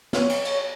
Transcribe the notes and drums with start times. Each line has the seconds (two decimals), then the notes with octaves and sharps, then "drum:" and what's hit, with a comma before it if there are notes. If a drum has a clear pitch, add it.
0.13 C#5, drum: snare
0.29 drum: cymbal
0.45 drum: cymbal